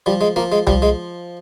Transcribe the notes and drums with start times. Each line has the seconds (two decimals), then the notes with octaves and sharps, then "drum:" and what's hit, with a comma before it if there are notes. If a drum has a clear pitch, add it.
0.06 F3 G3
0.21 G#3
0.36 F3 A#3
0.52 G#3
0.67 F3 G3, drum: tom C2
0.82 G#3